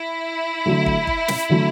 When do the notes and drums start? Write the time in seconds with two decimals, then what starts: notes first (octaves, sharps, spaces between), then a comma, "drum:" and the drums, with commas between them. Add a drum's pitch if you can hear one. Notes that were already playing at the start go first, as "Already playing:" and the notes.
Already playing: E4
0.66 D3 F#3 A3
0.86 drum: kick
1.07 drum: kick
1.28 drum: snare
1.49 D3 F#3 A3